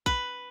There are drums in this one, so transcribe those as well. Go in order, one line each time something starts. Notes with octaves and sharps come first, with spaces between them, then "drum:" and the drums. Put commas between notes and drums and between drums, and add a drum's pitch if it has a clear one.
B4, drum: kick A#1